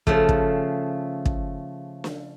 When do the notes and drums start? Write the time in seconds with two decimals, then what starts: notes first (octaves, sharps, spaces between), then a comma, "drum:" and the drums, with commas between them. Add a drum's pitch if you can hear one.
0.07 C#3 F3 A3, drum: kick
0.29 drum: kick
1.25 drum: kick
2.04 drum: snare